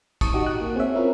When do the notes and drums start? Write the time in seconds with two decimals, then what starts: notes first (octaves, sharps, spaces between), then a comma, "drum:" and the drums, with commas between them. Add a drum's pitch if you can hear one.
0.21 A5 C#6 D#6, drum: kick, cymbal
0.34 D#4 F#4 G4 D#5
0.46 F#6
0.61 A#3
0.76 C4 G#4 C#5 E5
0.94 C4 C#4 E4 F4 A#4